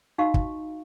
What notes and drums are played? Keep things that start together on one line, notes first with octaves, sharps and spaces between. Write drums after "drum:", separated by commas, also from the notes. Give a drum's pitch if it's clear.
D#4 F#4 D#5 F5 B5 C#6
drum: kick